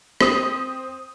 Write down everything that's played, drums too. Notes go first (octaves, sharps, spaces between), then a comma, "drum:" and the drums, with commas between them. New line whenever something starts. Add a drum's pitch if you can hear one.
C4 D#6, drum: rim click